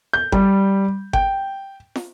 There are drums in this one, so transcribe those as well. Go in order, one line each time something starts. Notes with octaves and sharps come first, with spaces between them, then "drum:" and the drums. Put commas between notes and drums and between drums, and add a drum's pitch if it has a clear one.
G6
G3, drum: kick G1
G5, drum: kick G1
drum: snare